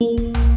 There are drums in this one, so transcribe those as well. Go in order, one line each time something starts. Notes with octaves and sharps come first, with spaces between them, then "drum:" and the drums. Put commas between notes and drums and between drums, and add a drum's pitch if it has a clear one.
A#3
drum: kick
drum: tom